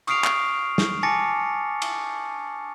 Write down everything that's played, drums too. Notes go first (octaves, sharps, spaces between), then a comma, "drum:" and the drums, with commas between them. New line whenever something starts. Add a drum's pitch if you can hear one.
C#6 D#6 F6 C7 D7 F7, drum: cymbal
drum: clap
drum: snare
G#5 A5 D6 A6 A#6 C#7
drum: cymbal